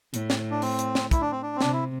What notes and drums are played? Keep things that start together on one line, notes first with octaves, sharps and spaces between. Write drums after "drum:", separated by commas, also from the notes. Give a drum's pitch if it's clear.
A2, drum: hi-hat
drum: snare
D4
C4, drum: open hi-hat
drum: hi-hat
drum: snare
E4, drum: kick, hi-hat
D4
C4
D4
C4
C3 D4, drum: snare
E4